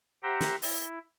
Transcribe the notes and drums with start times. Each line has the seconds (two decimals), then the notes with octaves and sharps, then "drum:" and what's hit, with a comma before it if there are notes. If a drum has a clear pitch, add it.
0.23 G4 C5 E5 F#5 G5 A#5
0.41 drum: snare
0.62 E4, drum: open hi-hat